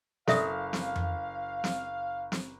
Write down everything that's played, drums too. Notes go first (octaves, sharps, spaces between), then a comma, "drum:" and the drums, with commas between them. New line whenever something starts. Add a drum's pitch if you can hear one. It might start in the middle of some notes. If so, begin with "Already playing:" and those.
F#1 A4 E5 F5 D#6, drum: snare
drum: snare
drum: tom F2
drum: snare
drum: snare